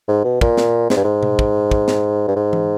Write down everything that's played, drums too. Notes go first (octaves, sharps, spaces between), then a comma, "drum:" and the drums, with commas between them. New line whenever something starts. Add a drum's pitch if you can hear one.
G#2
B2
A#2, drum: kick
drum: snare
G#2, drum: snare
G2
G#2
drum: tom B2
drum: kick
drum: kick
drum: snare
G2
G#2
drum: tom E3